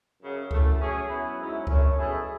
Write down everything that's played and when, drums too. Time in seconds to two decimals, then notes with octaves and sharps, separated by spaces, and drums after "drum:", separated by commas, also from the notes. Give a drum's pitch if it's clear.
0.22 F#2 C#3 F#3
0.51 F#2 E3 A3, drum: kick C#2
0.80 F#3 C#4 G#4
1.09 F#3 B3 E4
1.39 G#2 F#3 C#4 E4
1.67 F#2 D3 A3 C#4, drum: kick C#2
1.97 B2 A3 E4 G#4